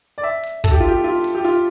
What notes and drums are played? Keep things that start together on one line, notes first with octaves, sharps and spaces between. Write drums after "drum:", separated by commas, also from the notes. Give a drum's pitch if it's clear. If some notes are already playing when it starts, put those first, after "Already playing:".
D5
E5
drum: hi-hat
A4, drum: kick
G4
F4
G4
F4
drum: hi-hat
G4
F4